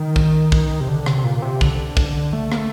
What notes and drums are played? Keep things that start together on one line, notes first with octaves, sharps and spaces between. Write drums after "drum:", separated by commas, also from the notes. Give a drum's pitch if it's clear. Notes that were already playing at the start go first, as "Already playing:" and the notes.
Already playing: D#3
drum: kick
drum: kick
C3
D3
C3, drum: rim click
C3
A#2
C3
D3, drum: kick
drum: kick
A3
A#3, drum: rim click
A3